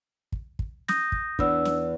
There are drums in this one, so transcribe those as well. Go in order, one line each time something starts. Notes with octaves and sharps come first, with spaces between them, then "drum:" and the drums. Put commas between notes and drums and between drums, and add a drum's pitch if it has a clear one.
drum: kick
drum: kick
D#6 G6 A#6, drum: snare
drum: kick
E2 E3 D4 E6, drum: kick
drum: snare